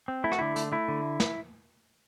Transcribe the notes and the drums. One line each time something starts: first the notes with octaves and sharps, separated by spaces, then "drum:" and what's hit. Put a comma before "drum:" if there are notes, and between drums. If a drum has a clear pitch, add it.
C4
A3 E4
F#4, drum: rim click
D3 E4
A3, drum: hi-hat
A3 E4
D3
drum: snare